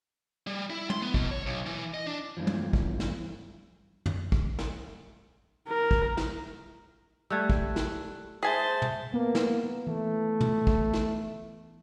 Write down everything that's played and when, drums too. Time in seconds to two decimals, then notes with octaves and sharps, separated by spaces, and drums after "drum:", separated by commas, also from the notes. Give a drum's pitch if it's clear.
0.47 G3
0.70 E4
0.90 C6, drum: tom
1.02 B3
1.14 B2, drum: kick
1.31 C#5
1.46 B1
1.66 E3
1.94 D#5
2.06 D4
2.37 E2 G2 B2 E3 F3
2.47 drum: tom
2.73 drum: kick
3.00 drum: snare
4.06 drum: tom
4.32 drum: kick
4.59 drum: snare
5.68 A#4
5.91 drum: kick
6.17 drum: snare
7.30 G3 A3 E6 F#6 G#6
7.50 drum: kick
7.76 drum: snare
8.43 G#4 C5 E5 G#5 A5 B6
8.82 drum: tom
9.14 A#3 B3
9.35 drum: snare
9.87 E3 A3
10.41 drum: tom
10.67 drum: kick
10.93 drum: snare